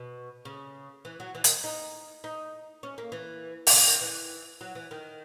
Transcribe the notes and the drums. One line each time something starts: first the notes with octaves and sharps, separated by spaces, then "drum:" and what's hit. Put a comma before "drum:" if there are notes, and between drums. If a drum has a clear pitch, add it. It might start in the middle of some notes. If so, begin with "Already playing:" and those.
Already playing: B2
C#3
E3
F#3
E3
D#3, drum: hi-hat
D#4
D#4
C#4
A#3
E3
D#3, drum: open hi-hat
C#3
D#3
E3
F#3
E3
D#3